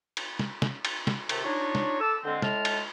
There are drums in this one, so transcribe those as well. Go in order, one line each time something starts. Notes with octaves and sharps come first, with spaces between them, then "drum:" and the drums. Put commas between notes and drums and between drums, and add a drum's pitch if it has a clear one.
drum: cymbal
drum: snare
drum: snare
drum: cymbal
drum: snare
C3 D#3 A3, drum: cymbal
D4 D#4 F4 C#5
drum: snare
A4 A5 D6 E6
D3 G#3 C4
A2 G#3 A5 F6, drum: snare
drum: cymbal